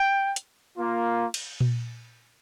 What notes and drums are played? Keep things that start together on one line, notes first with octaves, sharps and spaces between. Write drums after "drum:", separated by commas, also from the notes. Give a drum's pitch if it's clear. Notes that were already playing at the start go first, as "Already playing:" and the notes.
Already playing: G5
drum: hi-hat
A#3 F4
drum: cymbal
drum: tom A#2